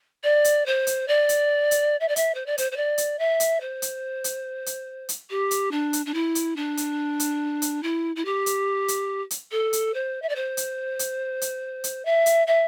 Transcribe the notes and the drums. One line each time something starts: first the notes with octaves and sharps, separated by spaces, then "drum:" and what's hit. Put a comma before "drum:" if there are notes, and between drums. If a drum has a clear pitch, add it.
D5
drum: hi-hat
C5
drum: hi-hat
D5
drum: hi-hat
drum: hi-hat
E5
D5
E5, drum: hi-hat
C5
D5
C5, drum: hi-hat
C5
D5
drum: hi-hat
E5
drum: hi-hat
C5
drum: hi-hat
drum: hi-hat
drum: hi-hat
drum: hi-hat
G4
drum: hi-hat
D4
drum: hi-hat
D4
E4
drum: hi-hat
D4
drum: hi-hat
drum: hi-hat
drum: hi-hat
E4
E4
G4
drum: hi-hat
drum: hi-hat
drum: hi-hat
A4
drum: hi-hat
C5
E5
D5
C5
drum: hi-hat
drum: hi-hat
drum: hi-hat
drum: hi-hat
E5
drum: hi-hat
E5